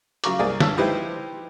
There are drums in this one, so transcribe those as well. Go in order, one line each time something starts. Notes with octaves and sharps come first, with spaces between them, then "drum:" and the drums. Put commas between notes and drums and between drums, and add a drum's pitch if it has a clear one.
C#3 F#3 F4 A#5 C#6 D6, drum: hi-hat
C2 A#3 G#4 D5
G2 A5 E6, drum: snare
F3 D#4 E4 G4 B4 C5